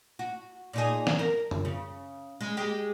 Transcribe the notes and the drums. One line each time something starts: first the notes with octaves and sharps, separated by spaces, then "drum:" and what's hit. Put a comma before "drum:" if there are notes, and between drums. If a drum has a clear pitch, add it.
F#4
A#2 D#4 G#4
drum: snare
A#4
drum: tom F#2
C#3
G#3
G#3 G4